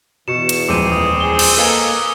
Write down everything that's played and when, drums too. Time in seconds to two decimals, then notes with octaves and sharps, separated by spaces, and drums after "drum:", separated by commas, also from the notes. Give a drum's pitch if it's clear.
0.28 E2 B2 C#6 C#7 E7
0.49 drum: hi-hat
0.69 D#1 F2 G#3 C4 D6 D#7
0.92 D#6
1.20 G#4 G7
1.39 drum: cymbal
1.57 A#3 A4 B4 D#5 F5 G#5